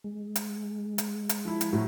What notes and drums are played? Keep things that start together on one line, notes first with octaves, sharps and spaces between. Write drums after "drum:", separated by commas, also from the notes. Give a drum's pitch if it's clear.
G#3
drum: hi-hat
drum: hi-hat
drum: hi-hat
F3 E4
drum: hi-hat
A2 F#3